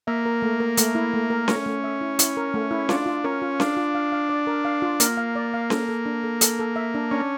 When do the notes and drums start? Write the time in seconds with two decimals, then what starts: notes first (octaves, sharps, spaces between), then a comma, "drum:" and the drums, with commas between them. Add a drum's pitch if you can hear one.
0.07 A#3 E5
0.26 A#4
0.42 A3
0.60 A#4
0.77 A3, drum: hi-hat
0.95 E4
1.14 A3
1.30 A#4
1.48 A3 C#4, drum: snare C#4
1.66 A3
1.84 E5
2.01 E4
2.19 E4, drum: hi-hat
2.37 A#4
2.54 A3
2.71 E4
2.89 D4 F4, drum: snare C#4
3.06 F4
3.24 C#4 A#4
3.42 F4
3.60 D4 F5, drum: snare C#4
3.77 F4
3.95 F5
4.12 F5
4.29 D5
4.47 A#4
4.65 F5
4.82 F4
5.00 A#3 A#4, drum: hi-hat
5.17 F5
5.35 D5
5.54 F5
5.70 A4, drum: snare C#4
5.89 A4
6.06 D4
6.24 A4
6.41 A4, drum: hi-hat
6.59 A4
6.76 E5
6.94 D4
7.11 C#4 D4